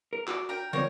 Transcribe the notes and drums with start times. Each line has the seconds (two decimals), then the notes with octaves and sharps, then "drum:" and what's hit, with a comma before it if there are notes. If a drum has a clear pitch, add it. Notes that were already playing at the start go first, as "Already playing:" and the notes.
0.13 A#4
0.28 F#4 D5, drum: clap
0.49 A#4 G5
0.73 D3 F3 C4 A#4 C#5